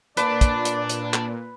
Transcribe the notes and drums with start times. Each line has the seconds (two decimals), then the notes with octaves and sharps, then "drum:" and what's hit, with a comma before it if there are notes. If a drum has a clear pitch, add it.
0.17 A#2 D4 B4 D5, drum: hi-hat
0.41 drum: kick, hi-hat
0.65 drum: hi-hat
0.89 drum: hi-hat
1.14 drum: clap